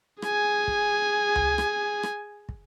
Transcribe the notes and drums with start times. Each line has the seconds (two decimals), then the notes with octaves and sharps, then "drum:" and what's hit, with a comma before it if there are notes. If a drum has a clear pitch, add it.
0.22 G#4 G#5, drum: rim click
0.68 drum: kick
1.35 drum: tom C#2
1.58 drum: rim click
2.03 drum: rim click
2.49 drum: kick